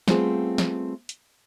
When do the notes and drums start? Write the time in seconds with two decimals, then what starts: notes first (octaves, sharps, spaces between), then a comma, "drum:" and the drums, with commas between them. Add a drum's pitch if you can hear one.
0.08 G3 A3 B3 C4 F4 G#4, drum: snare
0.58 drum: snare
1.09 drum: hi-hat